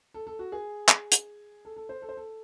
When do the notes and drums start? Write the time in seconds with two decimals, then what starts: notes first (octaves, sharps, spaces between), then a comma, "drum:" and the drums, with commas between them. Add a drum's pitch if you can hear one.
0.14 A4
0.27 A4
0.39 F#4
0.52 G#4
0.88 drum: clap
1.12 drum: hi-hat
1.65 A4
1.77 A4
1.89 C5
2.02 A4
2.09 C5
2.17 A4